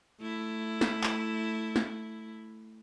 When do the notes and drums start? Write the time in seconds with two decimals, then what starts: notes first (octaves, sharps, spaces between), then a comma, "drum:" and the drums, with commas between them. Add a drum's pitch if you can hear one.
0.20 A3 E4
0.81 drum: snare
1.03 drum: clap
1.76 drum: snare